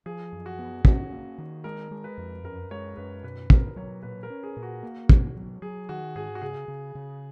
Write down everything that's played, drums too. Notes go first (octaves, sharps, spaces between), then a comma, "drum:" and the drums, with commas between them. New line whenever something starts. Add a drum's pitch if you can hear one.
F3 G#4
F#2
F#4
B3
C#4 F#4, drum: kick
A#3
D#3
G#3 A#4
G#3
B4
F2
F#2 A#4
G#3 C#5
F#2 B4
B2 B4
B2 A#4, drum: kick
F#3 C#5
A#2 B4
A#4
C#4
G#4
A#2
F#4
A#3
B2, drum: kick
F#3
F#3 G#4
D#3 F#4
G#2 G#4
F#4
C#3 G#4
C#3
C#3